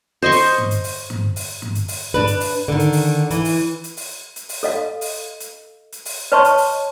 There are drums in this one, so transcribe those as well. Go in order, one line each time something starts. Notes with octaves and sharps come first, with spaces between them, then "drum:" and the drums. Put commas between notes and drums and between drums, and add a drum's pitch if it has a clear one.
C5 D#5 C6 C#6
drum: open hi-hat
drum: tom G2
drum: hi-hat
drum: open hi-hat
drum: tom G2
drum: open hi-hat
drum: tom G2
drum: hi-hat
drum: open hi-hat
D4 B4, drum: tom G2
drum: hi-hat
drum: open hi-hat
D3 D#3
drum: hi-hat
drum: open hi-hat
E3, drum: hi-hat
drum: open hi-hat
drum: hi-hat
drum: open hi-hat
drum: hi-hat
drum: open hi-hat
A4 D#5 F5
drum: open hi-hat
drum: hi-hat
drum: hi-hat
drum: open hi-hat
B4 C#5 D#5 A5 C6 C#6
drum: hi-hat
drum: open hi-hat